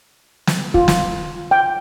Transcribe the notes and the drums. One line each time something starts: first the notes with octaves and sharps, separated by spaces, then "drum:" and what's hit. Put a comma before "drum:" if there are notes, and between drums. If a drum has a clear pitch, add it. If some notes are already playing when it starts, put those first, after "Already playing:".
drum: snare
F4, drum: kick
drum: snare
G5